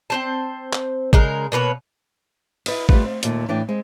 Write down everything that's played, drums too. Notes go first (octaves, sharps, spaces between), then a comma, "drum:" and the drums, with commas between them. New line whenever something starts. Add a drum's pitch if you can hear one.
C4 C5 A5
drum: clap
C#3 G#3 A#4, drum: kick G#1
B2 A#3 B4 C#5
E4 B4 D#5, drum: cymbal
G3 A3 C4 F4 B4, drum: kick G#1
C4
D#2 A#2 A3, drum: hi-hat
A2 E3 D4 D5 G5
G#3 C4